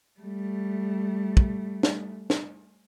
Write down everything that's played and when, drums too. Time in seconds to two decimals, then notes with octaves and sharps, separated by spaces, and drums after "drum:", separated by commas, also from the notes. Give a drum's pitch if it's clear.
0.20 G3 A3
1.37 drum: kick
1.83 drum: snare
2.30 drum: snare